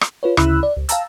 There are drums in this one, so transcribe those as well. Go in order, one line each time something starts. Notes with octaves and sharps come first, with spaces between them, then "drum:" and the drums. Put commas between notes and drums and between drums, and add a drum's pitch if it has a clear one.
drum: rim click
F4 B4 C#5
D2 C#3 E4 B5 E6 F#6, drum: rim click
D5
C#2
F5 G5 A5 A#5 E6, drum: hi-hat